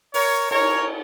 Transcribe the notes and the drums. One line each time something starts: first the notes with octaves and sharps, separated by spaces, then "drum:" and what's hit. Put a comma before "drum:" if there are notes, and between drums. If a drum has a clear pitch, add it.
A#4 C#5, drum: open hi-hat
A#4 C#5, drum: cymbal